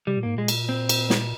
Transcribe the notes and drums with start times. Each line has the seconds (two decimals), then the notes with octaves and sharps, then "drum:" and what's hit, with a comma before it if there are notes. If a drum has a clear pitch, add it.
0.07 C3 G3
0.17 A#2
0.23 G#2 A#3
0.35 A#2 G#3
0.48 drum: cymbal
0.69 C4
0.89 drum: cymbal
1.10 drum: snare